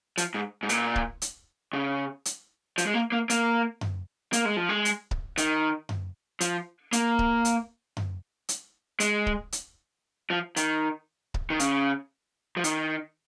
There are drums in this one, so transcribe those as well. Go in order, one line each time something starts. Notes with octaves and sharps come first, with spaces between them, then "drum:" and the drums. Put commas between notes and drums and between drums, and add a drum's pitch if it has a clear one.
F3, drum: hi-hat
G#2
G#2
A#2, drum: hi-hat
drum: kick C#1
drum: hi-hat
C#3
drum: hi-hat
F3, drum: hi-hat
G#3
A#3
A#3
A#3, drum: hi-hat
drum: tom F#2
A#3, drum: hi-hat
G#3
F3
G#3
drum: hi-hat
drum: kick C#1
D#3, drum: hi-hat
drum: tom F#2
F3, drum: hi-hat
A#3, drum: hi-hat
drum: kick C#1
drum: hi-hat
drum: tom F#2
drum: hi-hat
G#3, drum: hi-hat
drum: kick C#1
drum: hi-hat
F3
D#3, drum: hi-hat
drum: kick C#1
D#3
C#3, drum: hi-hat
F3
D#3, drum: hi-hat